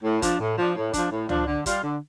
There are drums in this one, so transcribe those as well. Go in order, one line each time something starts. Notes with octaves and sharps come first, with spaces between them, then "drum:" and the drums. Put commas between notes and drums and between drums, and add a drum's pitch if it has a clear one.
A2
F3 D4, drum: kick, hi-hat
A2
F3 D4
A2
F3 D4, drum: kick, hi-hat
A2
F3 D4, drum: tom C#2
D3
G3 F4, drum: kick, hi-hat
D3